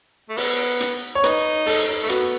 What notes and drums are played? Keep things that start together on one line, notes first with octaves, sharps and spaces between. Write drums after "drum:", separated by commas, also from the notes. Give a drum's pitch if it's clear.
A3
B3, drum: open hi-hat
drum: hi-hat
C#5
D#4 B4, drum: hi-hat
A4, drum: open hi-hat
A3
B3 F#4, drum: hi-hat